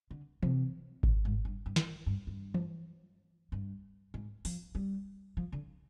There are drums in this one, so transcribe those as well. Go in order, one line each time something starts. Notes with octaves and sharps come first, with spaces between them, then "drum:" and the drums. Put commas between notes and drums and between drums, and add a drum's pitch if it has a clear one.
D3
C3, drum: tom E3
A#2, drum: kick G#1
G#2
G2
G2
drum: snare
G2
G2
drum: tom E3
G2
G#2
F3, drum: open hi-hat
G3
F3
D3